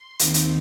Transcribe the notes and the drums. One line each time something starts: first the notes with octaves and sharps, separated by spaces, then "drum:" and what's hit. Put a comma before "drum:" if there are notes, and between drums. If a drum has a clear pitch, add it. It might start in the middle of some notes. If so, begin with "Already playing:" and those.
Already playing: C6
D#2 D#3 C4 D#4, drum: hi-hat
drum: hi-hat